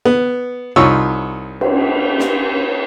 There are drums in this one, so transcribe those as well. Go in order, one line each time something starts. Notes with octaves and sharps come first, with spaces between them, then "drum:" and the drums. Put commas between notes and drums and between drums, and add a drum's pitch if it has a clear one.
B3
C2 D#4 F4 C#5 E6
drum: cymbal
drum: snare